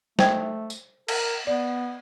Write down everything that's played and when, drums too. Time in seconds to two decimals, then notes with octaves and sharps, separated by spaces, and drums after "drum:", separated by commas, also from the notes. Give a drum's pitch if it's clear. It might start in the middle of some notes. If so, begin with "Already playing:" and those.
0.19 A3 C5 G5 G#6, drum: snare
0.70 drum: tambourine
1.08 A#4, drum: cymbal
1.47 B3 D5